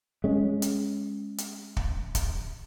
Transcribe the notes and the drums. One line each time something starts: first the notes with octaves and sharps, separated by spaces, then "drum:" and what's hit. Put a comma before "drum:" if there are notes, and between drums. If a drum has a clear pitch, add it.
G#3 C#4
drum: hi-hat
drum: hi-hat
drum: kick
drum: kick, hi-hat